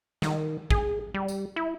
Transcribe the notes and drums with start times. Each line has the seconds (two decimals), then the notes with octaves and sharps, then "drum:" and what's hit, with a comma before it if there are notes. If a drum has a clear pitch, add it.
0.22 D#3, drum: snare
0.70 G#4, drum: kick
1.14 G3
1.28 drum: tambourine
1.56 E4